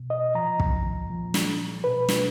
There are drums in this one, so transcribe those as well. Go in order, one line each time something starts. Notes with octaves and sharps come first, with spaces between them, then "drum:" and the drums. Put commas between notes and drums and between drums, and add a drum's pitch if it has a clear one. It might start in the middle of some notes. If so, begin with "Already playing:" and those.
Already playing: B2
D#5
A#2 F3 A#5
drum: kick
A#2 F3
drum: snare
B2 B4
drum: snare